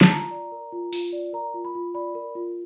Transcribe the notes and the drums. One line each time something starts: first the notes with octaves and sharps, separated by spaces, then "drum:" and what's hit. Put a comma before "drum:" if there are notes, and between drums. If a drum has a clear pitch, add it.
A5, drum: snare
F4 A#5
D5
A#4
F4
F4, drum: open hi-hat
D5
A#4 A#5
F4
B5
F4
D5 B5
A#4
F4